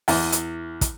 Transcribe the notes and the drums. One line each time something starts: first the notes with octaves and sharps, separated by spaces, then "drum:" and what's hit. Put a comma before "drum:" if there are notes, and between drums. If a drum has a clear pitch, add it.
E2, drum: open hi-hat
drum: hi-hat
drum: kick, hi-hat